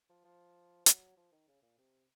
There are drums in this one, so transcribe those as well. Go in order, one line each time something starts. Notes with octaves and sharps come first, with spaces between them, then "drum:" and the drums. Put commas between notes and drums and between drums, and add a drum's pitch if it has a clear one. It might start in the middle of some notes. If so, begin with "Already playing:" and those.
F3
F3
F#3, drum: hi-hat
F3
D#3
C#3
A#2
C3